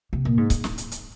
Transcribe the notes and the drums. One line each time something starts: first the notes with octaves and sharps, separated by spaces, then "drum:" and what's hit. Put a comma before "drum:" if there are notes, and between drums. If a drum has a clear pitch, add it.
C3
A#2
G#2
drum: kick C#1, hi-hat
drum: snare
drum: hi-hat
drum: hi-hat